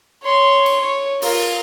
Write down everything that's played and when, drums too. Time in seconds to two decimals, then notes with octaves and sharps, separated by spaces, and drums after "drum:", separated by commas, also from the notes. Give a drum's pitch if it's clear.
0.23 C#5 C6
0.66 drum: cymbal
0.80 C#5
1.22 F4 A#4, drum: open hi-hat